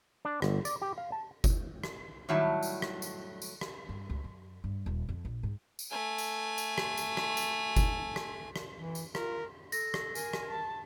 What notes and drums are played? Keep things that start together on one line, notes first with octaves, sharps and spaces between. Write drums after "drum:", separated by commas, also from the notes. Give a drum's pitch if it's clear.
D4
G1, drum: rim click
D5, drum: tambourine
G4
F5
A5
drum: kick F#1, tambourine
drum: rim click
A2 D#3 F#3 G3 E5 A5
drum: tambourine
drum: rim click
drum: tambourine
drum: tambourine
drum: rim click
G2
C#2
F#2
G2
D#1
F2
A#1
G#2
drum: tambourine
A3 G#5
drum: tambourine
drum: tambourine
drum: rim click
drum: tambourine
drum: rim click
drum: tambourine
drum: kick F#1, tambourine
drum: rim click
drum: rim click
E3
drum: tambourine
F4 A#4, drum: rim click
A4 A#6, drum: tambourine
drum: rim click
A#4 G#5, drum: tambourine
drum: rim click
A5